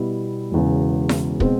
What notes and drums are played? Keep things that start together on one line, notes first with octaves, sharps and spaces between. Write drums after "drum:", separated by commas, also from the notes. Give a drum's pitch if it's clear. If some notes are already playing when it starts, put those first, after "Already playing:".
Already playing: B2 G3 B3 E4
E1 E2 C#3
drum: snare E4
B2 G#3 C4, drum: kick